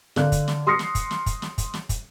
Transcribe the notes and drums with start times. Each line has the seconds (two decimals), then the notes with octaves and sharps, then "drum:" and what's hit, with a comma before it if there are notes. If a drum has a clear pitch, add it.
0.16 D3 D5 F5 F#6, drum: snare
0.32 drum: kick, hi-hat
0.48 drum: snare
0.67 C6 D#6 F6 A#6 C7 C#7
0.79 drum: snare
0.95 drum: kick, hi-hat
1.11 drum: snare
1.26 drum: kick, hi-hat
1.42 drum: snare
1.58 drum: kick, hi-hat
1.74 drum: snare
1.89 drum: kick, hi-hat